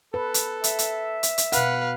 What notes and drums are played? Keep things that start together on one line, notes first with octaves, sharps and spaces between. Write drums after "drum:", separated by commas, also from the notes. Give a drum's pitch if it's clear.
A4 B4
drum: hi-hat
E5, drum: hi-hat
drum: hi-hat
drum: hi-hat
drum: hi-hat
B2 B4 F5 F#5, drum: hi-hat